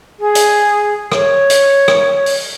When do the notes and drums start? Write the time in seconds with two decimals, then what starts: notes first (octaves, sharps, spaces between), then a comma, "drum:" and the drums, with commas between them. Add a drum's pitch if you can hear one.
0.19 G#4
0.35 drum: hi-hat
1.12 C#5, drum: rim click
1.50 drum: hi-hat
1.88 drum: rim click
2.26 drum: open hi-hat